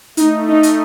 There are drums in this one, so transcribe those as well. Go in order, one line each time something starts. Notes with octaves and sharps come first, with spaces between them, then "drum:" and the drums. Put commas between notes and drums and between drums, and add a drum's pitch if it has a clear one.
A3 D#4, drum: hi-hat
D#4
drum: hi-hat